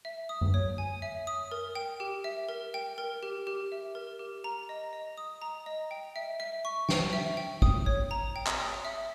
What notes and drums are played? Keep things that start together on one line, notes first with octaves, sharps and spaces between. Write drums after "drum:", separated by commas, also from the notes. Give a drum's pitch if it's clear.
E5
D#6
drum: tom F#2
C#5
G#5
E5
D#6
A#4
G5
G4
E5
A#4
G5
A#4
G4
G4
E5
A#4
G4
A#5
D#5
D#5
D#6
A#5
D#5
G5
E5
E5
C#6
G5, drum: snare
E5
G5
D#6, drum: kick G#1
C#5
A#5
G5
drum: clap
D#6
E5